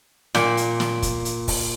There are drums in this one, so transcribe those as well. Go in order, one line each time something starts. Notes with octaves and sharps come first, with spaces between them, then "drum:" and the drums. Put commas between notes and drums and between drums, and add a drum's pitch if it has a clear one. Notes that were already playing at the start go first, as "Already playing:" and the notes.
A#2, drum: snare
drum: hi-hat
drum: snare
drum: kick, hi-hat
drum: hi-hat
drum: kick, open hi-hat